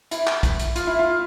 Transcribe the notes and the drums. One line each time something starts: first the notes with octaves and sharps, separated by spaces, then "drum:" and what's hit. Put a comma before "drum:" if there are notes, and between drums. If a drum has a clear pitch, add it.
E4, drum: hi-hat
drum: clap
drum: kick, hi-hat
drum: hi-hat
F4, drum: hi-hat
E4
F4